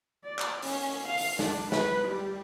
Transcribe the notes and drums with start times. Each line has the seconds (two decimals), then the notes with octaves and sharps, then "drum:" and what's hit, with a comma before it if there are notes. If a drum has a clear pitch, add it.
0.25 D5
0.39 drum: clap
0.62 C#4, drum: open hi-hat
1.07 F5
1.18 drum: open hi-hat
1.39 D4, drum: snare
1.72 B4, drum: snare
2.08 G3